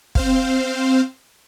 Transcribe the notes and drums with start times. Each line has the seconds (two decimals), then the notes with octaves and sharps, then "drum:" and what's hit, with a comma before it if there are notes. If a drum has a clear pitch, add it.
0.15 C4 C5 F5, drum: kick